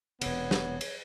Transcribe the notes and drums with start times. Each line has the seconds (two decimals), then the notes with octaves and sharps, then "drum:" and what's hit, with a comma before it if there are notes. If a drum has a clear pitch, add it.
0.21 E1 C3 B3 C#5, drum: cymbal
0.51 drum: snare
0.81 drum: cymbal